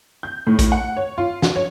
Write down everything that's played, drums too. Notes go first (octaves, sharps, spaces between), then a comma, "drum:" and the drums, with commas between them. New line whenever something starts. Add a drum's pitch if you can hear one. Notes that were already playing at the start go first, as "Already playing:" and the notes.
G6
A2
drum: kick A#1, hi-hat
F#5
C#5
F4
F#4, drum: snare
C#5